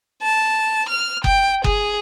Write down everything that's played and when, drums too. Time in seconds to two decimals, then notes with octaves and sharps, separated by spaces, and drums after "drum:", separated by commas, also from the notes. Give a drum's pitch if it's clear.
0.22 A5
0.89 F6
1.24 G5, drum: kick F#1
1.64 G#4, drum: kick F#1